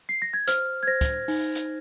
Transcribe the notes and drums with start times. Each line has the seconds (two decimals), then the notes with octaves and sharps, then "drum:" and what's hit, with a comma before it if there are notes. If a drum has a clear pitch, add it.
0.09 C7
0.22 A#6
0.33 G#6
0.48 C5 F6, drum: hi-hat
0.83 G#6
0.87 C5 A#6
1.01 drum: kick, hi-hat
1.28 D#4, drum: open hi-hat
1.55 drum: hi-hat